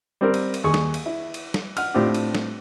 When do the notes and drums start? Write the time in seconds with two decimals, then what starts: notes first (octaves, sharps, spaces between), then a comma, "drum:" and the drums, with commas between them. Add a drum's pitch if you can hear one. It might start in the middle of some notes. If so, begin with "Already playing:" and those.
0.21 G3 C4 A#4
0.34 drum: cymbal
0.54 drum: cymbal
0.64 D#2 G#4 C#6
0.74 drum: snare
0.94 drum: cymbal
1.06 E4
1.34 drum: cymbal
1.54 drum: snare
1.77 F#5 F6, drum: cymbal
1.94 A2 C4 D4 F4 G4
2.14 drum: cymbal
2.35 drum: snare